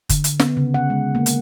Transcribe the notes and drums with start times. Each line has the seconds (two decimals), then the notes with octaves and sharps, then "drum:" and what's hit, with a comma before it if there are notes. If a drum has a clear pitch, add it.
0.09 D3, drum: kick F#1, hi-hat
0.24 drum: hi-hat
0.40 B3, drum: snare
0.57 C#3
0.74 F#5
0.90 G#3
1.15 A#3
1.26 drum: hi-hat